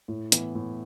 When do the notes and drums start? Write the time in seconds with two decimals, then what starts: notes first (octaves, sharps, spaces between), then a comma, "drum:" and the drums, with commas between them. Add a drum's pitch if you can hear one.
0.08 A2
0.32 E3 B3, drum: hi-hat
0.55 A2